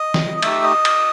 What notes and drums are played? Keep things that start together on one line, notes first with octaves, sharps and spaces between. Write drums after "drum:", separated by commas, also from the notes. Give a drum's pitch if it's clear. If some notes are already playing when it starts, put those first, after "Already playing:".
Already playing: D#5 D#6
drum: snare
D#6
A3 D#4 G4 E5 E6, drum: cymbal
D#5 D#6
drum: cymbal